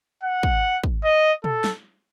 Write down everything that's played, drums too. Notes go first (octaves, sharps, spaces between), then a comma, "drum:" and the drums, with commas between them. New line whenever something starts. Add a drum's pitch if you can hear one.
F#5
drum: kick
drum: kick
D#5
A4, drum: tom
drum: snare